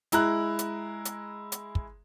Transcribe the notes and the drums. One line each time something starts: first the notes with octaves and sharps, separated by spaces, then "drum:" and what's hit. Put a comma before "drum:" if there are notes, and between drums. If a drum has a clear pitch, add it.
G#3 E4 A#5 F#6, drum: hi-hat
drum: hi-hat
drum: hi-hat
drum: hi-hat
drum: kick